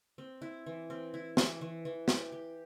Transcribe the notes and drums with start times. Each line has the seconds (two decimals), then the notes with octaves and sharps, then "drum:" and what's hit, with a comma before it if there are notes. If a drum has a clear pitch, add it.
0.18 C4
0.42 E4
0.66 E3
0.90 C4
1.14 E4
1.37 E3, drum: snare
1.61 E3
1.85 E3
2.08 G4, drum: snare
2.32 G4